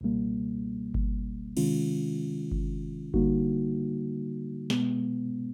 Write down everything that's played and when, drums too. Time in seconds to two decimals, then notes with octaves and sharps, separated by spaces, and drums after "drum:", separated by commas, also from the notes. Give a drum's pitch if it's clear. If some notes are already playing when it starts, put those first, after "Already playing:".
0.01 C#2 B2 G3 A#3
0.94 drum: kick G1
1.57 C3 D#3 G#3 C#4 F4, drum: cymbal
2.52 drum: kick G1
3.14 D3 G3 A#3 D#4 F#4, drum: kick G1
4.70 B2 G#3 B3, drum: snare